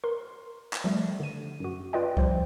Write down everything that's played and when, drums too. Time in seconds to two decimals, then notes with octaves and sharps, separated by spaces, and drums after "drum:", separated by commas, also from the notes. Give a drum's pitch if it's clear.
0.04 A#4 C6
0.73 drum: clap
0.84 F3 G3 A3
1.20 D3 D#7
1.60 F#2 F#4
1.93 F4 B4 D5 D#5 G5
2.17 F3 G3 C5, drum: kick C2